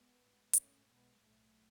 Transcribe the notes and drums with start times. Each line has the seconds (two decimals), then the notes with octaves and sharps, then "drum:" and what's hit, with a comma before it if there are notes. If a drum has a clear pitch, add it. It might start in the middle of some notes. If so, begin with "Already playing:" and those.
Already playing: G#3 B3
0.20 A1 A2
0.53 A1 G#2 A3 C#4, drum: hi-hat
0.88 B1 B2 G#3 B3
1.23 B1 A2 F#3 A3